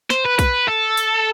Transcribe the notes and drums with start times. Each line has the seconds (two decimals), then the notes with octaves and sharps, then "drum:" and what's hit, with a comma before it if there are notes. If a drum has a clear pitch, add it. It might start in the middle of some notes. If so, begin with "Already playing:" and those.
0.10 C5, drum: snare
0.25 B4
0.39 B4, drum: kick, hi-hat
0.68 A4
0.97 drum: hi-hat